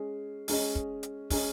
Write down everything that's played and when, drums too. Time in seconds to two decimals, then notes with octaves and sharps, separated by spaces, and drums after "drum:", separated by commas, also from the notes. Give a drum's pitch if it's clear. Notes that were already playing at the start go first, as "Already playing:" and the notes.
Already playing: G#3 C#4 G#4 D#5
0.48 G#3 C#4 G#4 D#5, drum: open hi-hat
0.75 drum: kick
1.03 drum: hi-hat
1.30 G#3 C#4 G#4 D#5, drum: kick, open hi-hat